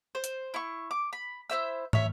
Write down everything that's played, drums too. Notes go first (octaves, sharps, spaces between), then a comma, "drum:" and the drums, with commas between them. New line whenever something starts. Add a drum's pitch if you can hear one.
C5
drum: hi-hat
E4 C#6
D6
B5
E4 C5 E5 E6
C#5 E5, drum: tom